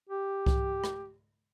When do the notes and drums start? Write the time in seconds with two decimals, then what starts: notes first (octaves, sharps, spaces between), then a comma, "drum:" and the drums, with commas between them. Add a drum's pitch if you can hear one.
0.09 G4
0.46 drum: kick C2
0.84 drum: rim click